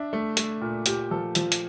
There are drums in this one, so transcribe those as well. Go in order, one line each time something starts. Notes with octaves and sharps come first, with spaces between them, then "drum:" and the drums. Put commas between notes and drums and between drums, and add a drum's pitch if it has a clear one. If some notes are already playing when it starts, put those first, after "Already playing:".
Already playing: D4 E5
A3
A3, drum: hi-hat
A#2
A#2 G4, drum: hi-hat
F3 A4
F3 A4, drum: hi-hat
drum: hi-hat